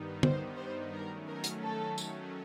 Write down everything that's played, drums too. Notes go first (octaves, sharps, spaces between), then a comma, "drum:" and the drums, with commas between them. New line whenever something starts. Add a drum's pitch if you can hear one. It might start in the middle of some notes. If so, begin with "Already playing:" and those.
Already playing: G2 D#3 G3 B3 D#4
C5, drum: tom
C5
D#3 F#3 A3 C#4 A#4
A#4
drum: hi-hat
A4
drum: tambourine